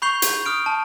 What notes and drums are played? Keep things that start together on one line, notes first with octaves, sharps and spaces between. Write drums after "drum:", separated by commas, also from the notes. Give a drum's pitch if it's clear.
B5 C#6 G6 C7 F7 G7
drum: hi-hat
D#6 F6 D7
A5